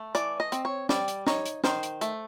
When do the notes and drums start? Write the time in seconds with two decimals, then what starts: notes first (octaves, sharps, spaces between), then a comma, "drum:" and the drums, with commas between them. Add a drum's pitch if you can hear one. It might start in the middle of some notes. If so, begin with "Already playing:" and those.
Already playing: A3
0.15 E3 D5, drum: hi-hat
0.40 D#5
0.52 C4, drum: hi-hat
0.65 C#5
0.89 G3 D5, drum: snare
1.08 drum: hi-hat
1.27 D#4 C#5, drum: snare
1.45 drum: hi-hat
1.64 D#3 C5, drum: snare
1.83 drum: hi-hat
2.01 A3, drum: hi-hat